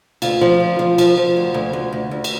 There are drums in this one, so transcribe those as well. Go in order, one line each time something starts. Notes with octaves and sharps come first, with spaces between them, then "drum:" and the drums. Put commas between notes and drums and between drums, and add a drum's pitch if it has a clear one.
D2 F4, drum: cymbal
F3
D2
F3
F3, drum: cymbal
F3
D2
D2
D2
D2
D2
drum: cymbal